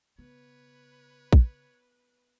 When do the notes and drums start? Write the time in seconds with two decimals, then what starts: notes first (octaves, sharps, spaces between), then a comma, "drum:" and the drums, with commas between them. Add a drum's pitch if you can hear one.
0.18 C#3 B3 B4 C#5
1.33 drum: kick A#1